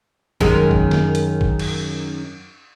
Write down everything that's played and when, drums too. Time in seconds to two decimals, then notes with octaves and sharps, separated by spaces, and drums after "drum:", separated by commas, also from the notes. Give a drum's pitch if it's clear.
0.41 F#2 D#3 G#3, drum: kick
0.71 drum: kick
0.91 drum: snare
1.15 drum: hi-hat
1.41 drum: kick
1.59 drum: cymbal